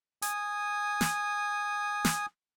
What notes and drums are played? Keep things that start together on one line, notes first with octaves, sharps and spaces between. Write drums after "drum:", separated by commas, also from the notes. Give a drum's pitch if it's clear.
G#5 D#6, drum: hi-hat
drum: snare
drum: snare